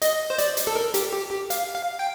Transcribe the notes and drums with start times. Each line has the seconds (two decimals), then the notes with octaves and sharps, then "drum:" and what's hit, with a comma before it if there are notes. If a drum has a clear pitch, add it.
0.02 D#5, drum: hi-hat
0.30 C5
0.38 D5, drum: hi-hat
0.57 drum: hi-hat
0.67 A4
0.75 A#4
0.94 G4, drum: hi-hat
1.13 G4
1.31 G4
1.50 F5, drum: hi-hat
1.75 F5
1.99 G5